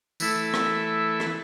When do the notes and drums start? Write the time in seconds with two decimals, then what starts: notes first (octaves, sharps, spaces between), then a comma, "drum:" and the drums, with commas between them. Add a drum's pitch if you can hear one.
0.20 E3 A3 E4 A4, drum: tambourine
0.54 drum: rim click
1.20 drum: rim click